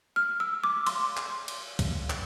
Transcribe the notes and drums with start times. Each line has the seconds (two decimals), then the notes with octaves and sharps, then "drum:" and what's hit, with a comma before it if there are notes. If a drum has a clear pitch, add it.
0.16 F6
0.40 E6
0.64 D6
0.87 C6, drum: cymbal
1.17 drum: clap
1.48 drum: cymbal
1.79 drum: kick, cymbal
2.10 drum: clap